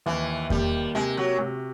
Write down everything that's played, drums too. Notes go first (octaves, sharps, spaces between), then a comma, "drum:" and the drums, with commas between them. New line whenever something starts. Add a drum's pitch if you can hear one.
D#2 E3
G3 A#3, drum: kick E2
C3 G#3
F#3
C3